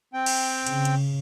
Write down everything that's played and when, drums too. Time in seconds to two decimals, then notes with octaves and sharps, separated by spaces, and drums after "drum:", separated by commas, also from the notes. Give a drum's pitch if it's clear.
0.14 C4 G5
0.26 drum: cymbal
0.67 C#3, drum: hi-hat
0.85 drum: hi-hat